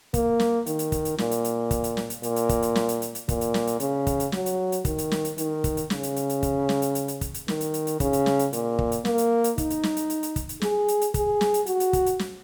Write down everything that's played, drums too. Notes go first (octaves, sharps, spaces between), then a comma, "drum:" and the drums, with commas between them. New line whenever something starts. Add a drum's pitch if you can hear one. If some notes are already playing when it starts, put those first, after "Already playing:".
A#3, drum: kick, hi-hat
drum: snare
D#3, drum: hi-hat
drum: hi-hat
drum: kick, hi-hat
drum: hi-hat
A#2, drum: snare
drum: hi-hat
drum: hi-hat
drum: kick, hi-hat
drum: hi-hat
drum: snare
drum: hi-hat
A#2, drum: hi-hat
drum: hi-hat
drum: kick, hi-hat
drum: hi-hat
drum: snare
drum: hi-hat
drum: hi-hat
drum: hi-hat
A#2, drum: kick, hi-hat
drum: hi-hat
drum: snare
drum: hi-hat
C#3, drum: hi-hat
drum: kick, hi-hat
drum: hi-hat
F#3, drum: snare
drum: hi-hat
drum: hi-hat
D#3, drum: kick, hi-hat
drum: hi-hat
drum: snare
drum: hi-hat
D#3, drum: hi-hat
drum: kick, hi-hat
drum: hi-hat
C#3, drum: snare
drum: hi-hat
drum: hi-hat
drum: hi-hat
drum: kick, hi-hat
drum: snare
drum: hi-hat
drum: hi-hat
drum: hi-hat
drum: kick, hi-hat
drum: hi-hat
D#3, drum: snare
drum: hi-hat
drum: hi-hat
drum: hi-hat
C#3, drum: kick, hi-hat
drum: hi-hat
drum: snare
drum: hi-hat
A#2, drum: hi-hat
drum: kick
drum: hi-hat
A#3, drum: snare
drum: hi-hat
drum: hi-hat
D#4, drum: kick, hi-hat
drum: hi-hat
drum: snare
drum: hi-hat
drum: hi-hat
drum: hi-hat
drum: kick, hi-hat
drum: hi-hat
G#4, drum: snare
drum: hi-hat
drum: hi-hat
G#4, drum: kick, hi-hat
drum: snare
drum: hi-hat
F#4, drum: hi-hat
drum: hi-hat
drum: kick, hi-hat
drum: hi-hat
drum: snare